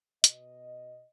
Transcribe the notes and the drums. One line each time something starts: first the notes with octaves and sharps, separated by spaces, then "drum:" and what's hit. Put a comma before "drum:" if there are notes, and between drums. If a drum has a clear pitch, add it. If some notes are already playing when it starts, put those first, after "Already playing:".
B2 D#5, drum: hi-hat